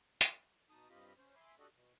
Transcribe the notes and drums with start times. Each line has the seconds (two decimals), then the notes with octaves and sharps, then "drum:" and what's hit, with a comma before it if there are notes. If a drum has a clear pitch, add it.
0.21 drum: hi-hat
0.70 B2 D#4 A5 D#6
0.90 G2 C4 F4 G4 D#5 B5
1.18 C#4 C5
1.36 E5 G#5 B5 C6 D6
1.59 D4 F#4 G4 A4 D5 D#5
1.73 B2